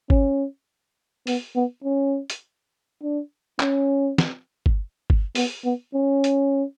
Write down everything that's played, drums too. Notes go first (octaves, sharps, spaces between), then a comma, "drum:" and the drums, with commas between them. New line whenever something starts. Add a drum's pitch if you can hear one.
C#4, drum: kick
B3, drum: open hi-hat
B3
C#4
drum: hi-hat
D4
C#4, drum: clap
drum: snare
drum: kick
drum: kick
B3, drum: open hi-hat
B3
C#4
drum: hi-hat